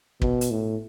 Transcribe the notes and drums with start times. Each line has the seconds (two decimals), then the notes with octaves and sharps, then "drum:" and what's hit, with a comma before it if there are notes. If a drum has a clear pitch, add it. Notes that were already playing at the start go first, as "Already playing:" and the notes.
0.22 B2, drum: kick
0.41 drum: hi-hat
0.51 A2